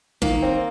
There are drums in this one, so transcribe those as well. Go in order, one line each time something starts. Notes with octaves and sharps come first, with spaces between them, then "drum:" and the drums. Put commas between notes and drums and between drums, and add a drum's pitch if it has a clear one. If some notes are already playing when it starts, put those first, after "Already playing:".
D#3 A#3, drum: kick
C4